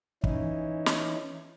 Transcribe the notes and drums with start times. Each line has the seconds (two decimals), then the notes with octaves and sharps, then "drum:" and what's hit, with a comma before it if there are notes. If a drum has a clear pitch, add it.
0.24 E3 C#4 D#4 E4, drum: kick
0.86 drum: snare